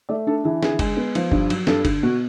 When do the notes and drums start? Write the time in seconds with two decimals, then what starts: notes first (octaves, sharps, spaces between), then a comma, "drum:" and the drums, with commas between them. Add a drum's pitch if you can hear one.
0.09 A3 D5
0.27 D4 A4
0.44 E3 G#4
0.63 D3 G#4, drum: snare
0.79 G#3, drum: kick F#1, cymbal
0.97 B3
1.15 F3, drum: cymbal
1.32 G2, drum: kick F#1
1.50 F#3, drum: cymbal
1.67 G2 A4, drum: snare
1.85 D3, drum: kick F#1, cymbal
2.03 B2 F#4